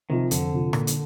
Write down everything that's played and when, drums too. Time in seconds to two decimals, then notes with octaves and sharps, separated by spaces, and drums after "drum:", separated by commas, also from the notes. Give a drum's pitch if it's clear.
0.10 C3 D#3 F3
0.31 F2 D3, drum: hi-hat
0.52 C3 F3
0.73 A#2, drum: rim click
0.87 drum: hi-hat